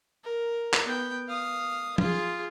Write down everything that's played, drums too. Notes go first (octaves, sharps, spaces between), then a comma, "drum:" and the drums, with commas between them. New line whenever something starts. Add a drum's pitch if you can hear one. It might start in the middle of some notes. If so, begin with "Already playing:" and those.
A#4
drum: clap
B3 G5
F5 D#6
F4 G#4, drum: tom F3